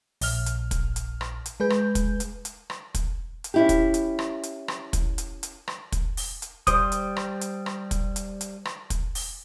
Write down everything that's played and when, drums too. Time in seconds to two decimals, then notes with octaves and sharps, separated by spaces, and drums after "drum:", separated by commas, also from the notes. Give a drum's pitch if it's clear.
0.21 A#1 F6, drum: open hi-hat
0.46 drum: hi-hat
0.71 drum: kick, hi-hat
0.96 drum: hi-hat
1.21 drum: rim click
1.46 drum: hi-hat
1.60 G#3 G#4 B4 G6
1.70 drum: rim click
1.95 drum: kick, hi-hat
2.20 drum: hi-hat
2.45 drum: hi-hat
2.70 drum: rim click
2.94 drum: kick, hi-hat
3.44 drum: hi-hat
3.54 C#4 E4 G4
3.69 drum: kick, hi-hat
3.94 drum: hi-hat
4.19 drum: rim click
4.43 drum: hi-hat
4.68 drum: rim click
4.93 drum: kick, hi-hat
5.18 drum: hi-hat
5.43 drum: hi-hat
5.68 drum: rim click
5.92 drum: kick, hi-hat
6.17 drum: open hi-hat
6.42 drum: hi-hat
6.67 G3 C5 D#6, drum: kick, hi-hat
6.92 drum: hi-hat
7.16 drum: rim click
7.41 drum: hi-hat
7.66 drum: rim click
7.91 drum: kick, hi-hat
8.16 drum: hi-hat
8.41 drum: hi-hat
8.65 drum: rim click
8.90 drum: kick, hi-hat
9.15 drum: open hi-hat